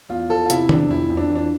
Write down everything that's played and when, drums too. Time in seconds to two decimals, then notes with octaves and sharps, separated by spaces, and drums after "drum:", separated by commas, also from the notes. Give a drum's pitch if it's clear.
0.09 E2 F4
0.29 F3 A4
0.45 F4
0.50 C3 E4, drum: hi-hat
0.69 E2 D4, drum: tom D#3
0.90 F2 E4
1.10 F2
1.17 D4
1.30 E3
1.35 D4